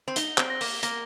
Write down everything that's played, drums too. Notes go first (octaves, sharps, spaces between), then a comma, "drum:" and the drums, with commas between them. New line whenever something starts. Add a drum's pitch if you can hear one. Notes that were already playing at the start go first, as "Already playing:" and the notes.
C4
D#4 G7, drum: hi-hat
C4, drum: clap
A#6
A#3, drum: open hi-hat
A#3 A#6, drum: hi-hat